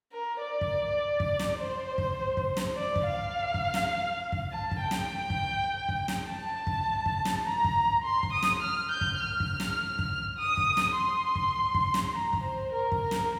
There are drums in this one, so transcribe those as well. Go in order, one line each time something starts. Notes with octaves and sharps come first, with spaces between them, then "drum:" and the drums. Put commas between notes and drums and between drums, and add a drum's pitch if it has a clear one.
A#4
D5
drum: kick
drum: kick
drum: snare
C5
drum: kick
drum: kick
drum: snare
D5
drum: kick
F5
drum: kick
drum: snare
drum: kick
A5
drum: kick
G5
drum: snare
drum: kick
drum: kick
drum: snare
A5
drum: kick
drum: kick
drum: snare
A#5
drum: kick
C6
drum: kick
D#6
drum: snare
F6
G6
drum: kick
F6
drum: kick
drum: snare
drum: kick
D#6
drum: kick
drum: snare
C6
drum: kick
drum: kick
drum: snare
A#5
drum: kick
C5
A#4
drum: kick
A#4
drum: snare